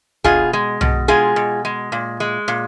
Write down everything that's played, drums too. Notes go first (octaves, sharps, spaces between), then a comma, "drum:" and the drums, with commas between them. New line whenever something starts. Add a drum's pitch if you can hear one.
B2 F4 G#4, drum: kick
G#3
B2, drum: tom B1
G#3 F4 G#4
B2
G#3
A#2
G#3
A#2